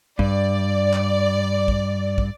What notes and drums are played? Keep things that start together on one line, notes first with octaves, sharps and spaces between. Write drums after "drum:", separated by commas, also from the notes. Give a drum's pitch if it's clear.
G2 D5, drum: kick
drum: clap
drum: kick
drum: kick